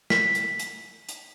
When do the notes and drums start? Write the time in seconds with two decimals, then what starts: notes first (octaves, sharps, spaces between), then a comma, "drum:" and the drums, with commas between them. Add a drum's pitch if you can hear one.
0.10 B6, drum: snare
0.35 drum: hi-hat
0.59 drum: hi-hat
1.09 drum: hi-hat